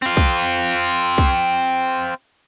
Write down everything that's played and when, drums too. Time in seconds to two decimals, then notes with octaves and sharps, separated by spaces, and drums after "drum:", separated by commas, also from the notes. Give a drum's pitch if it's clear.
0.02 C4 F4, drum: open hi-hat
0.17 drum: kick
1.18 drum: kick